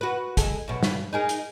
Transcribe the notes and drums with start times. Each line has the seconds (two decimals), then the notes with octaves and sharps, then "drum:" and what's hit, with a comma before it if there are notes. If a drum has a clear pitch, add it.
0.01 F#4 B4
0.37 G#3 A4, drum: kick, hi-hat
0.68 F#2 B2
0.83 G2, drum: snare
1.13 D#4 G#4 A#4
1.29 drum: hi-hat